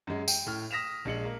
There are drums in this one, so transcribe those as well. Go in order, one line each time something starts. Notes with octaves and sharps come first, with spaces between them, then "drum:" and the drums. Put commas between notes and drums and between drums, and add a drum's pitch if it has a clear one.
F#2 G#3
G5, drum: tambourine
A2 F6
D#6 A#6 B6 E7 F7
A#1 G#3 C#7 F#7
A#3